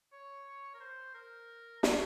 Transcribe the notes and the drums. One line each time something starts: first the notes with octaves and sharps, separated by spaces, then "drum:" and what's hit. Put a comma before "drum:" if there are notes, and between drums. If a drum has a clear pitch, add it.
C#5
A#4
C5
A#4
C#5, drum: snare